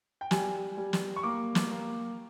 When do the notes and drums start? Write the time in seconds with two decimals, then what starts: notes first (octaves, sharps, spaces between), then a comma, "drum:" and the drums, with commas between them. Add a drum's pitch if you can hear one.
0.21 G5
0.31 G3 G#5, drum: snare
0.77 G3
0.93 drum: snare
1.16 C#6
1.23 A#3 D6
1.55 drum: snare
1.71 A#3